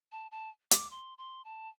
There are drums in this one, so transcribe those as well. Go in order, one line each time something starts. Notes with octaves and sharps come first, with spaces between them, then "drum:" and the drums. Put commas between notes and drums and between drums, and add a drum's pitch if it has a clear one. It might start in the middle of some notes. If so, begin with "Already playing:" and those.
A5
A5
D6, drum: hi-hat
C6
C6
A5